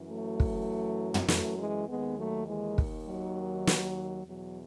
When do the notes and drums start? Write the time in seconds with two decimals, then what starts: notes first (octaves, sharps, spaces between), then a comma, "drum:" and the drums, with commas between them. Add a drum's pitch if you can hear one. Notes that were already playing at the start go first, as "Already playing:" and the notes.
Already playing: F#2 E3
0.10 F#3 A3
0.40 drum: kick
1.14 drum: tom
1.28 F#3 A3, drum: snare
1.59 E3 G#3
1.88 D#2 D#3 G#3 B3
2.18 F#3 A3
2.48 E3 G#3
2.78 drum: kick
3.07 F#3
3.67 drum: snare
4.26 E2 B2 F#3